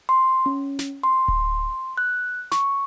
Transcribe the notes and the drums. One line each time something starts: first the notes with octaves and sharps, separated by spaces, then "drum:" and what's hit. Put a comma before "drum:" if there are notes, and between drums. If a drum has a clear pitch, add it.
C6
C#4
drum: snare
C6
drum: kick D1
F#6
C#6, drum: snare